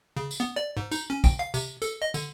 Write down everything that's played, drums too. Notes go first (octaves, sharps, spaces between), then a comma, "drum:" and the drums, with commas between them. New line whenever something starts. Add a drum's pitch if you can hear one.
C#3
drum: tambourine
B3
D5
G#2
D#4, drum: tambourine
C#4
G5, drum: kick, tambourine
F5
C3, drum: tambourine
A4, drum: tambourine
D#5
D3, drum: tambourine